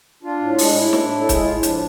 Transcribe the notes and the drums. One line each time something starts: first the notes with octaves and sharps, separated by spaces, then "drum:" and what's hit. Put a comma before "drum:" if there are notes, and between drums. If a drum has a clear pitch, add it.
D4 F4
A2
G#3 D4, drum: open hi-hat
A2 E4
D4, drum: snare
A2
A4
G#3 G#4, drum: kick C#1, hi-hat
A2 F4
E4
F3 D4, drum: hi-hat